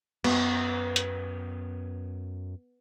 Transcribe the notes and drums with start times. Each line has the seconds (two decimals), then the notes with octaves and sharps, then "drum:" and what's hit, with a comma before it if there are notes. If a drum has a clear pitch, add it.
0.24 F#2 B3, drum: cymbal
0.96 drum: hi-hat